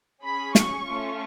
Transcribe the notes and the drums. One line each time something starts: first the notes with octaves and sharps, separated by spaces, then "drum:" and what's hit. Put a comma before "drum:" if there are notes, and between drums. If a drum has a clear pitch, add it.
C#4 G#4 B5
C#6, drum: snare
A3 C#4 F4